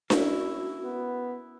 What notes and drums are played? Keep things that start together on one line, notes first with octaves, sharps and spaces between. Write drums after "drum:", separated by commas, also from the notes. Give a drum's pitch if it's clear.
A#3 C#4 E4 F#4, drum: snare D4
B3